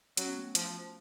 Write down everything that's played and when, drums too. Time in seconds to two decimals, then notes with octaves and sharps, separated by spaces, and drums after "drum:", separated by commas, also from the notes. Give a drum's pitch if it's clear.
0.17 F#3 C#4, drum: hi-hat
0.27 B3
0.37 A3
0.45 B3
0.55 F3, drum: hi-hat